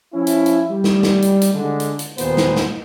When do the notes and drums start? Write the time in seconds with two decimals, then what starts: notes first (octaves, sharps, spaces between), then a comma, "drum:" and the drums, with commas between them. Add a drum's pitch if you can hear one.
0.14 F3 C#4 E4
0.27 drum: hi-hat
0.46 drum: hi-hat
0.70 G3
0.84 drum: snare
1.03 drum: snare
1.22 drum: hi-hat
1.42 drum: hi-hat
1.55 D3 G#3
1.80 drum: hi-hat
1.99 drum: hi-hat
2.18 D#2 A#2 B3 C5, drum: hi-hat
2.37 drum: snare
2.56 drum: snare